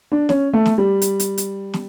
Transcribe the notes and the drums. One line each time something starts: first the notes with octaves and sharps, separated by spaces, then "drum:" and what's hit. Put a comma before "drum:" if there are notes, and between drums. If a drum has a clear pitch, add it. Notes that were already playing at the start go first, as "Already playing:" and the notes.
D4
C#4, drum: snare
A3
drum: snare
G3
drum: hi-hat
drum: hi-hat
drum: hi-hat
drum: snare